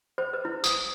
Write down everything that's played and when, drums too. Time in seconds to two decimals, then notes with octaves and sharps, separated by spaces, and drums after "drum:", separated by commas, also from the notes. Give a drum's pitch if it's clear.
0.18 C5
0.33 B4
0.45 E4
0.64 D#6, drum: tambourine